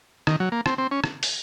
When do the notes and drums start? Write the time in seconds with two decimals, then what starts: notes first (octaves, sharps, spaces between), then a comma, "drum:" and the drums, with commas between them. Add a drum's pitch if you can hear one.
0.27 D#3, drum: rim click
0.40 F#3
0.52 A#3
0.66 C4, drum: rim click
0.78 C4
0.91 C#4
1.04 drum: rim click
1.23 drum: open hi-hat